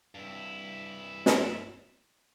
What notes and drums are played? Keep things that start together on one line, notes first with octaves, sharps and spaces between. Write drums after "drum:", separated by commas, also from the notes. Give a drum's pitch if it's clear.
G2 E4
drum: snare